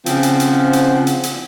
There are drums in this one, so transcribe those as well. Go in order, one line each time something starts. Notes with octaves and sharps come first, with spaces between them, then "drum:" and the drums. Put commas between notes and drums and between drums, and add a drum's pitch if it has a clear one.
C#3 F3 C4 F#5, drum: hi-hat
drum: hi-hat
drum: hi-hat
drum: hi-hat
drum: hi-hat
drum: hi-hat